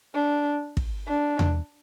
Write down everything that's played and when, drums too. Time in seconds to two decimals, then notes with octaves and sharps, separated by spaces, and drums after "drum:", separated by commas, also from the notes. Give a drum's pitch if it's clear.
0.15 D4
0.77 drum: kick
1.08 D4
1.39 drum: tom E2